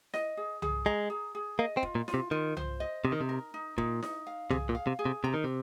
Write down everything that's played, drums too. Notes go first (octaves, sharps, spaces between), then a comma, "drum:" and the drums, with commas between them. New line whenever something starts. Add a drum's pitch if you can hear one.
D#5, drum: snare E4
G#4
G#4, drum: tom C2
G#3 A#5
G#4
G#4
A#3 D#5
C4
F4, drum: kick
A#2
F4, drum: snare E4
C3
D#3 F4
C5, drum: tom C2
D#5
C3 D#4
D#3
C3
A#4
D#4
A#2 D#4, drum: kick
D#4, drum: snare E4
F5
C3 G#4, drum: tom C2
A#2
F5
C3
G#4
C3
C3 A#5
D#3
C3